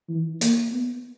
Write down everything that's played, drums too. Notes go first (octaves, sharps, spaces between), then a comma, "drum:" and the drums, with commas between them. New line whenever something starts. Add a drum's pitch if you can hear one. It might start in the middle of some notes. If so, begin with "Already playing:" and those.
E3
A#3, drum: hi-hat
B3